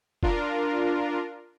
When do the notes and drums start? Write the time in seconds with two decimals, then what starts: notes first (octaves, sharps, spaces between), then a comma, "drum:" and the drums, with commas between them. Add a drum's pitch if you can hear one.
0.23 D4 F4 A#4, drum: kick